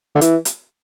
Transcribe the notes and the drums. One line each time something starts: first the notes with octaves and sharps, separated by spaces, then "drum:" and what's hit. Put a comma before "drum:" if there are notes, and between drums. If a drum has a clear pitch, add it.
D3
E3, drum: hi-hat
drum: hi-hat